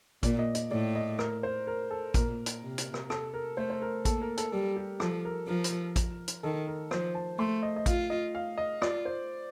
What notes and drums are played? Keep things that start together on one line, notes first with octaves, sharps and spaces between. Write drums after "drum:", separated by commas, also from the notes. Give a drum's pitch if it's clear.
A#2 D5, drum: kick A1, hi-hat
D#5
D#5, drum: hi-hat
A2 D5
D#5
A#4, drum: rim click
C5
A#4
A4
A#2 A#4, drum: kick A1, hi-hat
drum: hi-hat
C3
drum: hi-hat
drum: rim click
A4, drum: rim click
A#4
A3 C5
C5
A#4
A#3 A4, drum: kick A1, hi-hat
A#4
A4, drum: hi-hat
G3 A4
G4
F3 A4, drum: rim click
A#4
F3 A#4
drum: hi-hat
drum: kick A1, hi-hat
drum: hi-hat
D#3 A4
A#4
F3 C5, drum: rim click
A5
A3 C6
D#5
D#5
F4 F5, drum: kick A1, hi-hat
D#5
F5
D#5
F4 D5, drum: rim click
C5